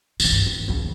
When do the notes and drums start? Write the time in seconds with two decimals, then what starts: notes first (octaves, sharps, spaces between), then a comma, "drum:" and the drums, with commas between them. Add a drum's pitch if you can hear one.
0.20 C3 D#3, drum: tambourine
0.32 G2
0.47 D#3
0.68 D#2 C#3